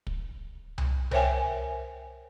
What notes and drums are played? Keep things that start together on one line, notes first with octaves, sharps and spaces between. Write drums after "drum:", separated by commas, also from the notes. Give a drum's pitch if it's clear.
drum: kick
drum: tom C2
A#4 C5 C#5 E5 G5 G#5, drum: tom C2